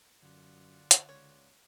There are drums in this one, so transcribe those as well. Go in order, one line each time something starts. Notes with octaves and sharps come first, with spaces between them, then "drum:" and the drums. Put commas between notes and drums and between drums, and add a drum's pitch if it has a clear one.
F#2 D3 F4 D5 F#5
drum: hi-hat
C#2 C#5